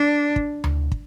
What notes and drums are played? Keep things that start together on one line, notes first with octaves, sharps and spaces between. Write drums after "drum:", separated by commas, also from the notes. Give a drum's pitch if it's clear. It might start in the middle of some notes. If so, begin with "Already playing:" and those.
Already playing: D4
drum: kick
drum: tom D2
drum: kick